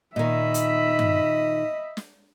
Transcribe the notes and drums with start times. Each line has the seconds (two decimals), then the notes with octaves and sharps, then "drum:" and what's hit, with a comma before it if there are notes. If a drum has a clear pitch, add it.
0.16 A#2 D#3 D#5 E5 B5
0.54 drum: hi-hat
0.99 drum: tom G2
1.97 drum: snare